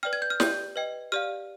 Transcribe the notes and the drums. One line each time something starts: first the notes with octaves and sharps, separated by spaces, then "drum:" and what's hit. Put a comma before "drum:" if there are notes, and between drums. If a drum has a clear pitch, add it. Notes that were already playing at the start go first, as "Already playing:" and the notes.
B4 D5 G5 F6
G#6
G6
F6
G4 D5 G5 G6, drum: snare
B4 D#5 G5
G4 D5 F5 F6